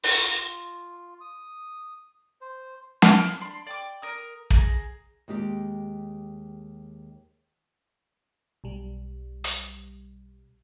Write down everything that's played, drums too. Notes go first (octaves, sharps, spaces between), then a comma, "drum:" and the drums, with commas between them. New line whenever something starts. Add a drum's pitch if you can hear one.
F4, drum: open hi-hat
D#6
C5
drum: snare
A#4
D4 B5 C6
D5 G5 D6
A#4 D#6
G#4 A#5, drum: kick
D#2 G#3 G4
B1 G3
drum: hi-hat